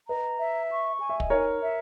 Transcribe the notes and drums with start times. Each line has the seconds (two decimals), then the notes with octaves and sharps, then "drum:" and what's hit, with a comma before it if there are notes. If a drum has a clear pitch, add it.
0.08 B4 D#5 A#5
0.39 E5
0.70 C#6
0.99 G#5
1.09 E5
1.20 D#5, drum: kick
1.30 D#4 A#4 C#5
1.60 E5